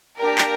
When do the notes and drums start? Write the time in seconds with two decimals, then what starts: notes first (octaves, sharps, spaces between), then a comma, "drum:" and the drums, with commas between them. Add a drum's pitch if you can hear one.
0.19 A#3 D4 G4 A#4
0.38 drum: clap